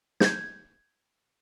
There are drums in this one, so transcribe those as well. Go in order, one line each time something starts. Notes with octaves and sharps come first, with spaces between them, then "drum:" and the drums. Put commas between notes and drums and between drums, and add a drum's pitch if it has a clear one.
G6 G#6, drum: snare